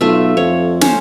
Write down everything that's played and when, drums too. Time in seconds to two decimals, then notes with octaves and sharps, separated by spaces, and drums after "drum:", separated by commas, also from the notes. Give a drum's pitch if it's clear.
0.01 B1 A3 F4 E5
0.37 F2 C#5
0.81 C#4 C5, drum: snare